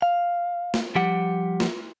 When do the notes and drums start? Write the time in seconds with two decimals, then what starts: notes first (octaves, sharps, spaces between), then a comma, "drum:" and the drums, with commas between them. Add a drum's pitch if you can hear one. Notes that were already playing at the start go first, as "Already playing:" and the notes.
0.02 F5
0.74 drum: snare
0.95 F3 G3 G4 F#5
1.60 drum: snare